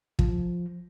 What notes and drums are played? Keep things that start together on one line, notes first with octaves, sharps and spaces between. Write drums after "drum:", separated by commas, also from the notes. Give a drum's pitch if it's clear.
F3, drum: kick